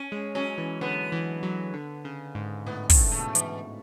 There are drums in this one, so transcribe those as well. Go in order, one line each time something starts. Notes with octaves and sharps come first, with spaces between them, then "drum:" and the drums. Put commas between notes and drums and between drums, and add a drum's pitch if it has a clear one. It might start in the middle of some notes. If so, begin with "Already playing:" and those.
Already playing: C#4
G#3
F#3 C#4
E3
D3 B3
E3
F#3
D3
C#3
G#2
A2 B3
A3, drum: kick, open hi-hat
A2
A3
B2
A2
E3, drum: hi-hat